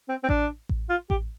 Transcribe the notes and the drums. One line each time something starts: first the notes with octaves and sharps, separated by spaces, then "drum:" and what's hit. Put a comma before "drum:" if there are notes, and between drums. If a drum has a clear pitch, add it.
C4
C4
D4, drum: kick A1
drum: kick A1
F4
G4, drum: kick A1